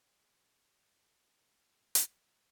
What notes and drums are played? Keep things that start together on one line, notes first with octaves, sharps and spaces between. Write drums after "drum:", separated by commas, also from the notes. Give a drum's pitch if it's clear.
A2 D#4 G#4 C6
drum: hi-hat